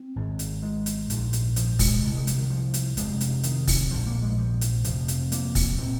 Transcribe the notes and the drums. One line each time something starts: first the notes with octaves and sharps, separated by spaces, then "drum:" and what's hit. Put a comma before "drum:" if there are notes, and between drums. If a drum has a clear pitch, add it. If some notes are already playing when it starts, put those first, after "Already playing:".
Already playing: C4
G#1 G#2
drum: hi-hat
G#3
drum: hi-hat
A#1 G#2, drum: hi-hat
drum: hi-hat
F3, drum: hi-hat
G#3, drum: kick, open hi-hat
C2 C3 G#3
G#3
F3, drum: hi-hat
D#3
F3
drum: hi-hat
F1 F2 C3 G#3, drum: hi-hat
drum: hi-hat
D#3, drum: hi-hat
drum: kick, open hi-hat
A#1 G#2 F3
A#3
G#3
F3
drum: hi-hat
F1 F2 C3 F3, drum: hi-hat
drum: hi-hat
A#3, drum: hi-hat
drum: kick, open hi-hat
A#2 C4